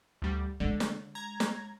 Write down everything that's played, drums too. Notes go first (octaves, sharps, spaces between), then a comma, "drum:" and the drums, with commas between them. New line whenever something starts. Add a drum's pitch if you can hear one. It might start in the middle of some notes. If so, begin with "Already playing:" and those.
D2 G3
D3 G#3 D4
drum: snare
A#5 G#6
drum: snare